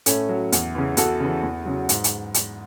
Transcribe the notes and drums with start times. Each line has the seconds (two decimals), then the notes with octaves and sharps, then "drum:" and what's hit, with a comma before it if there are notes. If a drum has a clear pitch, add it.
0.06 A2 A3 C#4, drum: hi-hat
0.29 F#3
0.52 E2, drum: hi-hat
0.75 C#3 E3
0.97 E2 F#4 A4, drum: hi-hat
1.20 C#3 E3
1.43 E2
1.65 C#3 F#3
1.89 G#2, drum: hi-hat
2.04 drum: hi-hat
2.34 drum: hi-hat